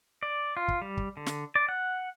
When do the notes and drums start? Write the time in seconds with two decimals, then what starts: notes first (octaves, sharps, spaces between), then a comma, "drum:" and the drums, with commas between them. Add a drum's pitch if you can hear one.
0.23 D5
0.57 F4
0.68 drum: kick
0.82 G3
0.97 drum: kick
1.17 D3
1.26 drum: snare
1.56 D5
1.69 F#5